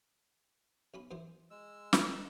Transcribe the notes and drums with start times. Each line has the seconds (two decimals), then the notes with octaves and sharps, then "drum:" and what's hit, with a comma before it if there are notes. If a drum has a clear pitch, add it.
0.94 B1 C#4 B5
1.11 F#2 E3 C5
1.50 G#3 E6
1.93 drum: snare